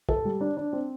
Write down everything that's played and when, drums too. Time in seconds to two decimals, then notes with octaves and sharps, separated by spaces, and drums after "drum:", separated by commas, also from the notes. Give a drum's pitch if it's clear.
0.09 A4, drum: kick
0.25 G3
0.41 D4
0.57 D4
0.73 C4